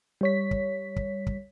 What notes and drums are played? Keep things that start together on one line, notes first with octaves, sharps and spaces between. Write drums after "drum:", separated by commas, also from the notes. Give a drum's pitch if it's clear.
G3 C#5 B6
drum: kick
drum: kick
drum: kick